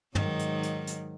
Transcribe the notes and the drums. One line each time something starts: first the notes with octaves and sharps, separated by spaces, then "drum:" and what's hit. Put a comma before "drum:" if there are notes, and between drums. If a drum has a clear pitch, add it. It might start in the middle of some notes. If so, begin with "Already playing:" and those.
G#2 D#3 F#3, drum: tom
drum: hi-hat
drum: hi-hat
drum: hi-hat